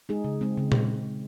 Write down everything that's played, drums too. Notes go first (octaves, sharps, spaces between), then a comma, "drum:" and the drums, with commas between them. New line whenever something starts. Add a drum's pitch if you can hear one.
G#3 D#4 G#4
C#3
G#3 C4
C#3
drum: tom A#2